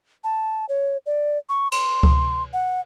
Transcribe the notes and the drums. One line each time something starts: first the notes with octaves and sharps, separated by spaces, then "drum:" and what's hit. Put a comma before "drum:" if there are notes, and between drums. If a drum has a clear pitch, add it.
A5
C#5
D5
C#6
C6, drum: cymbal
drum: kick C#2
F#5